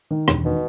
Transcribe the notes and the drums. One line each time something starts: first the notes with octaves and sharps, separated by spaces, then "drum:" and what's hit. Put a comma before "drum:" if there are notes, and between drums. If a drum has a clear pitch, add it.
D#3
E1, drum: rim click
B2 D#3